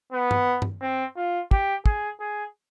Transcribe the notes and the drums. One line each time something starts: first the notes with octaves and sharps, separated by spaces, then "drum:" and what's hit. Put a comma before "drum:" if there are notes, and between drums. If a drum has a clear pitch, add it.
B3
drum: tom G2
drum: tom G2
C4
F4
G4, drum: kick
G#4, drum: kick
G#4